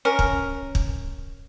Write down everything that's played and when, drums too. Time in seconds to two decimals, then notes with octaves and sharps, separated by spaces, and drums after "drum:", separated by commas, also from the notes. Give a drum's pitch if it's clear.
0.05 C#4 A#4
0.19 drum: kick
0.75 drum: kick